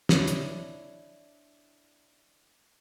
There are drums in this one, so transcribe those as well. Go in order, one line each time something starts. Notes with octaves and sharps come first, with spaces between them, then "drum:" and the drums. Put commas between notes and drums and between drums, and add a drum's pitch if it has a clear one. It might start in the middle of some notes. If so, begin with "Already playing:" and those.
D4 E4 C#5, drum: snare
drum: hi-hat